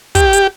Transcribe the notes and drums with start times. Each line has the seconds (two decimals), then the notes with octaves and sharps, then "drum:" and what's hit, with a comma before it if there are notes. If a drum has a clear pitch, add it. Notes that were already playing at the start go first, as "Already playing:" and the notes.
0.15 G4, drum: kick, hi-hat
0.33 drum: hi-hat